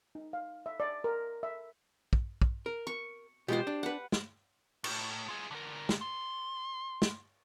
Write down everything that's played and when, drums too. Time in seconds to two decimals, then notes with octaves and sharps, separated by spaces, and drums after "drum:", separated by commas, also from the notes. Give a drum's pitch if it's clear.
0.15 D#4
0.33 F5
0.66 E5
0.80 D5
1.04 A#4
1.43 E5
2.13 drum: kick
2.42 drum: kick
2.66 A#4
2.87 C#6
3.48 B2 G#3 F4 G4 C5
3.67 D4
3.83 B4 F#5
4.12 drum: snare
4.84 A2, drum: cymbal
5.28 F4 G#4
5.51 D3 A#4
5.89 drum: snare
6.01 C6
7.02 drum: snare